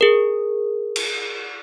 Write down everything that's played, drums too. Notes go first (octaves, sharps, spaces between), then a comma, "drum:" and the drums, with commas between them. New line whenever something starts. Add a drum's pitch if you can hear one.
G#4 A#4
drum: cymbal